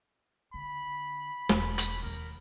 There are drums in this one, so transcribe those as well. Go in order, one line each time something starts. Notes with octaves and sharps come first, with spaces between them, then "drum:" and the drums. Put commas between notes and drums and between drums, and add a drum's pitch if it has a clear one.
D3 B5
E1, drum: snare
drum: hi-hat
D#2 B2 A#4